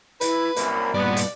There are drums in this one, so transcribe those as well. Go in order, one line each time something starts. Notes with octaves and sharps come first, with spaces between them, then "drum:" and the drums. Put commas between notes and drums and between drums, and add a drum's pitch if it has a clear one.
E4 B4, drum: hi-hat
C2 F#2 A#3 B5, drum: hi-hat
G2 A#2 B3 D5
drum: hi-hat